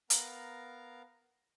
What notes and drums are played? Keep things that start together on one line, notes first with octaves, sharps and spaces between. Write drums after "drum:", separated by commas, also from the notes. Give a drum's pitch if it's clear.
B3 A#4 F5 A#5, drum: hi-hat